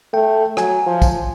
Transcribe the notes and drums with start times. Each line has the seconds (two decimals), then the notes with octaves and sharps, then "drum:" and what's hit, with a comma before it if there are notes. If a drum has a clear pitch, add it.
0.13 A3 G5
0.57 F#3 G#5, drum: rim click
0.86 F3
1.02 drum: kick, tambourine